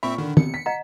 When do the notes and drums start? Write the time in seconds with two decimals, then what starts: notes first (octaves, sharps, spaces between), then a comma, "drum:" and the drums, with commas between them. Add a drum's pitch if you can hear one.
0.03 A#2 C4 E5 B5 C#6
0.18 D3 D#3
0.37 C3 C#7, drum: tom
0.54 B6
0.66 D#5 F#5 A#5